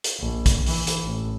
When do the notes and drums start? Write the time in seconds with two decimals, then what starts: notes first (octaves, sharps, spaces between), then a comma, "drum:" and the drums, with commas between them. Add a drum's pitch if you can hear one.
0.04 drum: hi-hat
0.20 A#1
0.46 drum: kick, hi-hat
0.66 E3, drum: open hi-hat
0.87 drum: hi-hat
1.04 A1